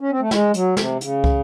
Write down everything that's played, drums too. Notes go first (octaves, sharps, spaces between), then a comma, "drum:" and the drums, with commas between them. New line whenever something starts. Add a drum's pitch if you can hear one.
C#4
C4
A3
G#3, drum: snare
F#3, drum: hi-hat
C3, drum: snare
C#3, drum: hi-hat
drum: kick